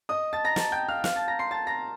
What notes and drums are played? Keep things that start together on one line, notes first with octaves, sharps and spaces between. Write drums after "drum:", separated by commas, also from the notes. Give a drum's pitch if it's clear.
D#5 D#6
A5 A6
A#5 A#6
A5 A6, drum: snare
G5 G6
F5 F6
F5 F6, drum: snare
A5 A6
A#5 A#6
C6 C7
A5 A6
A#5 A#6